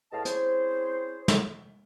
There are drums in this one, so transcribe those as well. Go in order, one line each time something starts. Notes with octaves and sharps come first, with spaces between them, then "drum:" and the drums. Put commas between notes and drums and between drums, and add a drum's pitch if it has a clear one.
E2 A2 D#5 F5 G5 A5
C4 C#4 E4 G#4 C5, drum: hi-hat
drum: snare